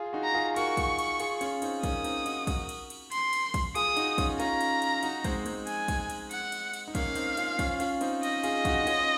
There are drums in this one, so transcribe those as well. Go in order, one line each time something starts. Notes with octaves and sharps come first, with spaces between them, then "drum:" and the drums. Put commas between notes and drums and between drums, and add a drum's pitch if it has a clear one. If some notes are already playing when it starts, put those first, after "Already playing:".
Already playing: F4 G#4
D#4 F#4
A#5
F4 G#4
F#4 A#4 C#6, drum: cymbal
drum: kick, cymbal
drum: cymbal
F4 G#4, drum: cymbal
C#4 F4, drum: cymbal
C4 D#4, drum: cymbal
A#3 C#4 D#6, drum: kick, cymbal
C4 D#4, drum: cymbal
D#4 F#4, drum: cymbal
F#4 A#4, drum: kick, cymbal
drum: cymbal
drum: cymbal
C6, drum: cymbal
drum: cymbal
drum: kick, cymbal
F4 G#4 D#6, drum: cymbal
D#4 F#4, drum: cymbal
C#4 F4, drum: kick, cymbal
C#4 F4 A#5, drum: cymbal
drum: cymbal
drum: cymbal
D#4 F#4, drum: cymbal
G#3 C4, drum: kick, cymbal
G#3 C4, drum: cymbal
G#5, drum: cymbal
drum: kick, cymbal
drum: cymbal
F#5, drum: cymbal
drum: cymbal
drum: cymbal
D#4
A#3 C#4 F5, drum: kick, cymbal
C4 D#4, drum: cymbal
C#4 F4, drum: cymbal
C#4 F4, drum: kick, cymbal
C#4 F4, drum: cymbal
C4 D#4, drum: cymbal
D#5, drum: cymbal
F4 G#4, drum: cymbal
D#4 F#4, drum: kick, cymbal
D#4
C#4 F4, drum: cymbal